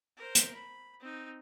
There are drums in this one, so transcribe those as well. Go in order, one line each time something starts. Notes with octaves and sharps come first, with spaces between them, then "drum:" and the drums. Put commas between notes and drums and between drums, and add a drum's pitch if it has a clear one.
A#4 C5
drum: hi-hat
B5
C4 D#4